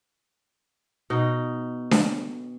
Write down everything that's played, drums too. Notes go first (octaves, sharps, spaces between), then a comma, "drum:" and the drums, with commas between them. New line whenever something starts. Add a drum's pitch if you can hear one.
B2 D#4
drum: snare D4